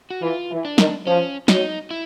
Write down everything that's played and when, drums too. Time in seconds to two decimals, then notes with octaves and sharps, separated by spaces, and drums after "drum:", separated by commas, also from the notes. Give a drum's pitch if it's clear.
0.10 F#4
0.22 E3 F4
0.51 E3
0.65 D4
0.78 D#3, drum: snare
1.06 F3 C#4
1.48 F#3 D#4, drum: snare
1.91 E4